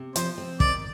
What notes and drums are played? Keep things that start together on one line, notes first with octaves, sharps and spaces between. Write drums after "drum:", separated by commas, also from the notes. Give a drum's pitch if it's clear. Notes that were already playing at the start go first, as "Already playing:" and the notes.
Already playing: C3
F3 C5, drum: hi-hat
C4
D#3 D5, drum: kick